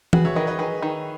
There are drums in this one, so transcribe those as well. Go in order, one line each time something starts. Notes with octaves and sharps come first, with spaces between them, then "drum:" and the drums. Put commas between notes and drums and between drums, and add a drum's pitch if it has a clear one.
F#4 G#4 B4, drum: tom E3
C#5 E5
D#3 B4 D#5
B4 D#5
D#3 G#4 B4
D#3